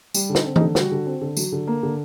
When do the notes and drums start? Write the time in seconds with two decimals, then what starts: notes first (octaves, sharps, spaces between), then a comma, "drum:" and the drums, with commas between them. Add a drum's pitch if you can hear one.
0.14 G3, drum: tambourine
0.30 D3
0.35 D#4, drum: snare
0.45 C4
0.56 D#4, drum: tom E3
0.61 D3
0.75 G3 F#4, drum: snare
0.91 D3
1.06 C4
1.21 D3
1.37 F#3, drum: tambourine
1.52 D3
1.67 A#3
1.83 D3